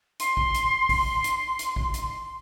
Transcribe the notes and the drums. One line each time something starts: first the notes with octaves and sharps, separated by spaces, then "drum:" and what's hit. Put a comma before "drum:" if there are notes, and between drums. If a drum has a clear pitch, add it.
C6, drum: hi-hat
drum: kick A1
drum: hi-hat
drum: kick A1, open hi-hat
drum: hi-hat
drum: hi-hat
drum: kick A1
drum: hi-hat